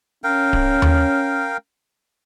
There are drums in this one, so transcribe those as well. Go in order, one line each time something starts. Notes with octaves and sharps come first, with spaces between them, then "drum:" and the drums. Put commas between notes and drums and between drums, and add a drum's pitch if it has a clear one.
C#4 A#4 F5 G5
drum: kick D1
drum: tom D#2